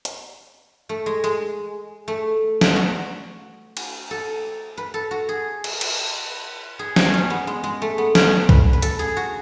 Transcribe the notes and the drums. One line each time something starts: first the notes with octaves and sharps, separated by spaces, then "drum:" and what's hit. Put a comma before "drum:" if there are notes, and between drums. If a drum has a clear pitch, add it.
drum: hi-hat
A3
G#3
G#3
A3
drum: snare
F#4
drum: cymbal
A4
B4
A4
F#4
G#4
drum: cymbal
drum: cymbal
G#4
G#4, drum: snare
C#4
B3
G#3
G#3
A3
B3
C#4, drum: snare
B4, drum: kick
B4
A4, drum: hi-hat
G#4
F#4